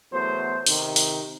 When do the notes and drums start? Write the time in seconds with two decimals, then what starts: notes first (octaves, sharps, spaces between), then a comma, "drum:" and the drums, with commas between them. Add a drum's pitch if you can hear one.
0.12 E2 F#3 A3 B3 C5
0.67 C3 D#3, drum: open hi-hat
0.96 drum: open hi-hat